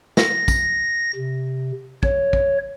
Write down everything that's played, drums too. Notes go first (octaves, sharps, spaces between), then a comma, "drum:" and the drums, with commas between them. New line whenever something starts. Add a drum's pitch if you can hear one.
A#6, drum: snare
drum: kick, tambourine
C3
C#5, drum: kick
drum: kick